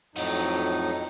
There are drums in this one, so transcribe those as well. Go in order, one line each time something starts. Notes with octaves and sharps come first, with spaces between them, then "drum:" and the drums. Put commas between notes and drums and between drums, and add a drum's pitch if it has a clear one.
F2 A2 F#3 D#4, drum: open hi-hat